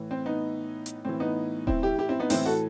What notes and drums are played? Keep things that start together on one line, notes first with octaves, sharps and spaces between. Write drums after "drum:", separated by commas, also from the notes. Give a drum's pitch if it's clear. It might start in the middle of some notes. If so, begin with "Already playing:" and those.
Already playing: A2 E3
C4
B3 D#4
drum: hi-hat
A2 E3 C4
B3 D#4
C4 E4, drum: kick D#1
E4 G4
E4 G4
C4 E4
B3 D#4
A2 E3 C4 E4, drum: open hi-hat
F#4 A4